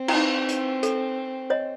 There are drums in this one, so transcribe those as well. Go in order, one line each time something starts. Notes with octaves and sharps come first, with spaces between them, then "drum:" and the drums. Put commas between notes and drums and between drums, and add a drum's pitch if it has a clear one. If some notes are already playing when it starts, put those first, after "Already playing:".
Already playing: C4
E4, drum: cymbal
D#4
drum: hi-hat
A4, drum: hi-hat
C#5 D#5